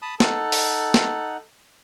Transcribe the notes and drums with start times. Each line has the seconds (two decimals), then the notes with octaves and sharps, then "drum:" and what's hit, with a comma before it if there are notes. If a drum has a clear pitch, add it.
0.02 A5 B5 D#6
0.20 D#4 A4 F#5, drum: snare
0.52 drum: open hi-hat
0.94 drum: snare